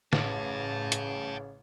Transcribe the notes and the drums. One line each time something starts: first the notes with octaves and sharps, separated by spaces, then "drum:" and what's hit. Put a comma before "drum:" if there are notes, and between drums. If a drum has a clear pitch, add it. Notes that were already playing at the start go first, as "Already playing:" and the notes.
A1 C#3 G5 A5, drum: snare
drum: hi-hat